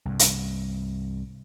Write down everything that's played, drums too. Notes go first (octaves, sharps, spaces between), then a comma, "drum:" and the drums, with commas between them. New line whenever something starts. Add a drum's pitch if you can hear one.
C2 G2
drum: hi-hat